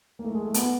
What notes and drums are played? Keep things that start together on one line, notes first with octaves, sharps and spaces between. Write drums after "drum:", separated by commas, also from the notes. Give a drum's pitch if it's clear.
A#3
A3
G#3
A3
B3, drum: hi-hat